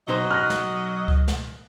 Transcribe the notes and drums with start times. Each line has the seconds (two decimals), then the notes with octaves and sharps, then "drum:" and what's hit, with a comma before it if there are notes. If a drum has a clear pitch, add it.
0.08 B1 F#3 D#4 F#4 C5 D#5
0.31 F6 F#6 A#6
0.50 drum: snare
1.08 drum: kick C#2
1.28 drum: snare